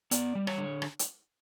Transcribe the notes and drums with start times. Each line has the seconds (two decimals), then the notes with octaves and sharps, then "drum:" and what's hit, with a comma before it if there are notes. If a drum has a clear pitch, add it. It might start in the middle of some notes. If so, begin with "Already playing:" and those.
0.11 B3 D5, drum: hi-hat
0.35 G3
0.47 C#5, drum: rim click
0.58 D3
0.82 drum: rim click
0.99 drum: hi-hat